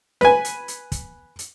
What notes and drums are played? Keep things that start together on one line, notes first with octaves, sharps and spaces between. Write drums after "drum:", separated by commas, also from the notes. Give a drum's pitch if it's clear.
B4 G#5, drum: snare
drum: hi-hat
drum: hi-hat
drum: kick, hi-hat
drum: hi-hat